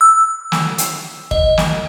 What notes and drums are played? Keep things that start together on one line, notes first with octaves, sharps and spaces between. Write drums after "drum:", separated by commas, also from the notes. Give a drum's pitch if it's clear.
E6
drum: snare
drum: hi-hat
D#5, drum: kick
drum: snare